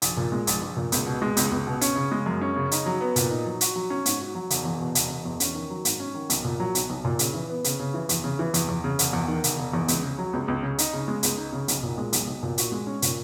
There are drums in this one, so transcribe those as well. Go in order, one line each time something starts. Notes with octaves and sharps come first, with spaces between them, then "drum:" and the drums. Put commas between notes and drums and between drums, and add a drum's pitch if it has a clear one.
A#1, drum: hi-hat
A#2
G#3
A#1, drum: hi-hat
A#1
A#2
C#2, drum: hi-hat
B2
G#3
C#2, drum: hi-hat
C#2
B2
C#4, drum: hi-hat
C#3
G#3
F#2
C#4
C#3
D#4, drum: hi-hat
F#3
B3
A#2, drum: hi-hat
D#4
F#3
F#4, drum: hi-hat
F#3
C#4
G#2, drum: hi-hat
F#4
F#3
E1, drum: hi-hat
E2
B2
E1, drum: hi-hat
E1
E2
C#4, drum: hi-hat
D#3
F#3
G#2, drum: hi-hat
C#4
D#3
B1, drum: hi-hat
A#2
F#3
B1, drum: hi-hat
B1
A#2
C#3, drum: hi-hat
E3
B3
C#3, drum: hi-hat
C#3
E3
E2, drum: hi-hat
C#3
E3
E2, drum: hi-hat
E2
C#3
E1, drum: hi-hat
E2
D#3
E1, drum: hi-hat
E1
E2
C#2, drum: hi-hat
C#3
F#3
C#2
C#2
C#3
D#4, drum: hi-hat
C#3
G#3
C#2, drum: hi-hat
D#4
C#3
B1, drum: hi-hat
A#2
G#3
B1, drum: hi-hat
B1
A#2
F#4, drum: hi-hat
G#3
C#4
A#2, drum: hi-hat